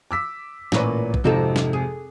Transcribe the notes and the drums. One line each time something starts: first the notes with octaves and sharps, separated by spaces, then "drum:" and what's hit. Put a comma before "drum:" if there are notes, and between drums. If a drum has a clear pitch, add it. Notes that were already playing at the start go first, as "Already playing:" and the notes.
D6 E6 B6
A1 A#2 C#4 B4, drum: snare
drum: kick A#1
G#1 F2 C3 C4 D#4 A4
drum: snare
G#4